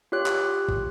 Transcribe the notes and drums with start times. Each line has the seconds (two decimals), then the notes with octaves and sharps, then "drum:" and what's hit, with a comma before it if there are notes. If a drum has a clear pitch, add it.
0.12 F4 G4 C#5 F#6
0.26 drum: clap
0.68 drum: kick